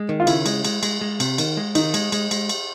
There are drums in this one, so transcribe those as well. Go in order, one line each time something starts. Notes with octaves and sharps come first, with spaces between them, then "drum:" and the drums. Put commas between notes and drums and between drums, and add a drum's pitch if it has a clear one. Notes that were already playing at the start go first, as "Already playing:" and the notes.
Already playing: G#3
D#3
F4
C#3 E4, drum: cymbal
G#3, drum: cymbal
G#3, drum: cymbal
G#3, drum: cymbal
G#3
C3, drum: cymbal
D#3, drum: cymbal
G#3
D#3 D#4, drum: cymbal
G#3, drum: cymbal
G#3, drum: cymbal
G#3, drum: cymbal
drum: cymbal